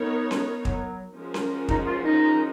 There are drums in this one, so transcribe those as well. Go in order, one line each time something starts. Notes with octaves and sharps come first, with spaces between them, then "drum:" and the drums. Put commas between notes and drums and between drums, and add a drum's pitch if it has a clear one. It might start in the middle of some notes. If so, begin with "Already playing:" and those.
Already playing: B3 D#4 A#4 C#5
drum: snare C#4
F#3, drum: kick
F3 G#3 C#4 F#4 A#4
drum: snare C#4
D#4, drum: kick
F4
D#4